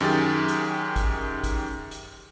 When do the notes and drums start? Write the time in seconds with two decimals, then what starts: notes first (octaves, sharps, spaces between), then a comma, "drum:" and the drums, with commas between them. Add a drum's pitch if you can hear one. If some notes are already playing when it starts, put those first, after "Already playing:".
0.01 F#2 D#3 G4 G#4 A6
0.48 drum: hi-hat
0.96 drum: kick, hi-hat
1.44 drum: kick, hi-hat
1.91 drum: hi-hat